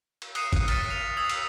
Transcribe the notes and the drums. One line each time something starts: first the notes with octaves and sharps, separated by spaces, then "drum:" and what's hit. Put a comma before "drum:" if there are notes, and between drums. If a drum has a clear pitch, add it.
drum: cymbal
D#6 F#6 C7 C#7 D#7 E7, drum: cymbal
drum: kick G1, cymbal
F6 A6 B6 C#7 D#7, drum: cymbal
F7
D#6 E6 G#6 C7 F7
drum: cymbal